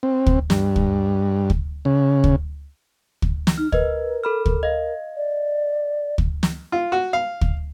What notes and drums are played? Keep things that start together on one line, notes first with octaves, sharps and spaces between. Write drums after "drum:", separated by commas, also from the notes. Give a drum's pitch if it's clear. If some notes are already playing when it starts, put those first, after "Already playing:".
C4
drum: kick
G2, drum: snare
drum: kick
drum: kick
C#3
drum: kick
drum: kick
drum: snare
D#4 F6
A#4 B4 D#5, drum: kick
A4 B5 F6
drum: kick
D#5 F5
D5
drum: kick
drum: snare
F4
F#4
F5
drum: kick